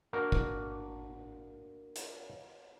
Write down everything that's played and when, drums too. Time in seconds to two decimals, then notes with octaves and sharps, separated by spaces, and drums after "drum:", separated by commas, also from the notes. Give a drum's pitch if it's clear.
0.13 A#3 D4 F#4 A#4
0.32 drum: kick
1.96 drum: hi-hat